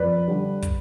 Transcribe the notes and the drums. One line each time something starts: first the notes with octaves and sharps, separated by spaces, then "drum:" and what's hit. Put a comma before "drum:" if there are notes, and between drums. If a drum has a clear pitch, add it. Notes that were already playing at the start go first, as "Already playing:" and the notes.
Already playing: F2 B4 D5
D3 G3
drum: kick, hi-hat